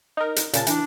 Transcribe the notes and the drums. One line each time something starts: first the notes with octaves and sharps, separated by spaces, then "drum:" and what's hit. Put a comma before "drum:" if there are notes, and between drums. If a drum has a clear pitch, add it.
D#4 A#4
drum: hi-hat
A#2 C#3 A5, drum: hi-hat
E3 D4, drum: hi-hat